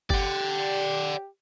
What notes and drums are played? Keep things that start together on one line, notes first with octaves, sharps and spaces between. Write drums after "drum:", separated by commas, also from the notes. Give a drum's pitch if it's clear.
G4 D5 F#5, drum: kick G1